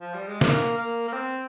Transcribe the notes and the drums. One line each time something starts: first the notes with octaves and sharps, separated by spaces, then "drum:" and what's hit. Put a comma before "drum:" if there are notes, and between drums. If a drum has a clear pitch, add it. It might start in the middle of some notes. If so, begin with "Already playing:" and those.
F3
G3
G#3
A#3, drum: snare
A#3
A#3
C4